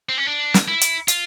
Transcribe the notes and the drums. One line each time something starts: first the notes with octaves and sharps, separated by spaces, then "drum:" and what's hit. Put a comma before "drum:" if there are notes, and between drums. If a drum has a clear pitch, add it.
C4
C#4
D4
drum: snare
E4
drum: hi-hat
F4, drum: hi-hat